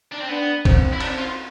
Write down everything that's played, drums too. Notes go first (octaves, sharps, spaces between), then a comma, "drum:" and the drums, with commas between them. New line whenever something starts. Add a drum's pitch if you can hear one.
D4
C4
B3 D4
C4, drum: kick, cymbal
E4
C4 D4, drum: cymbal
F4